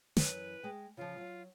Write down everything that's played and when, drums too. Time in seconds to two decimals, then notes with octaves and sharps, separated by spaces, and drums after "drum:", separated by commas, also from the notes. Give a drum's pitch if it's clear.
0.17 F#2 E3 B4, drum: snare
0.63 G#3 G5
0.97 C#3 F3 F4
1.18 F#3